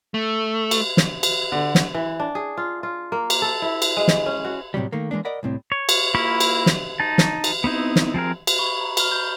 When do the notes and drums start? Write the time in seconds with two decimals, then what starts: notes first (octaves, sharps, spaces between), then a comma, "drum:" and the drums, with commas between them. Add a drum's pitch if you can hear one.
0.14 A3
0.71 drum: cymbal
0.97 drum: snare
1.23 drum: cymbal
1.52 D3
1.75 drum: snare
1.94 E3
2.20 D4
2.35 G#4
2.57 F4
2.83 F4
3.12 A#3
3.30 drum: cymbal
3.42 A4
3.62 E4
3.82 drum: cymbal
3.97 G#3
4.08 drum: snare
4.26 C#4
4.45 F#4
4.74 A2 C3 F#3 G3
4.92 D#3 A3 A#3
5.11 E3 G#3 A#3 D4
5.25 A#4 D5 D#5 F#5 B5
5.43 C2 A2 C4
5.72 C#5
5.89 drum: cymbal
6.15 A#3 E4 F4 B5 C#6
6.40 drum: cymbal
6.66 drum: snare
7.00 D#4 A5
7.18 drum: snare
7.44 drum: cymbal
7.64 B3 C4 D#4 E4
7.96 drum: snare
8.14 F3 C4 G#4 A#4
8.47 drum: cymbal
8.59 B5 C#6
8.81 A#5
8.97 F6 G7, drum: cymbal
9.12 G6